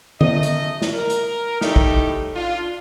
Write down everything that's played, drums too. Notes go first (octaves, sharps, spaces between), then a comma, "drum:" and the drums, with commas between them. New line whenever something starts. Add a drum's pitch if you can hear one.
F#2 A3 D#5, drum: tom D3
drum: hi-hat
drum: snare
A#4
drum: hi-hat
A2 G3 A3 D#4 G4, drum: snare
drum: kick A#1
D4 F4